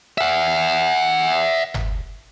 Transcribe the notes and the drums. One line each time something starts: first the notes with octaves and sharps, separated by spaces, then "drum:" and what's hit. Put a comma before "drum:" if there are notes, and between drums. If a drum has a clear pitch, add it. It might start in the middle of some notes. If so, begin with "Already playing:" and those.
E5 F#5
drum: tom G1